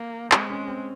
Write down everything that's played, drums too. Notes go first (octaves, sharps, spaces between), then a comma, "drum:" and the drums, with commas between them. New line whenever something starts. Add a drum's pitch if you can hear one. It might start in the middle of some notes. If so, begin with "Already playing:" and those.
Already playing: A#3
G#3 C4, drum: clap
C#4
C4